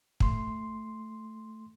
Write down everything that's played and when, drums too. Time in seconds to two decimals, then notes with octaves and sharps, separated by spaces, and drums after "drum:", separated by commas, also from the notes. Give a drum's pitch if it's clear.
0.20 A3 C6, drum: kick